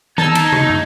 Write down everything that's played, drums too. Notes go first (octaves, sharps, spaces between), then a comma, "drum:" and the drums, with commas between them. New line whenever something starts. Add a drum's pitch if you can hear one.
D#4 A5 E6 G#6, drum: tom D#3
drum: cymbal
drum: tom
drum: tom